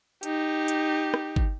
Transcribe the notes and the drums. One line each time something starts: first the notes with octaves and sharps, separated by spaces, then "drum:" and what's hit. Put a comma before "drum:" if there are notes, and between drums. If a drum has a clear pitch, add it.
D#4 G4, drum: hi-hat
drum: hi-hat
drum: rim click
drum: kick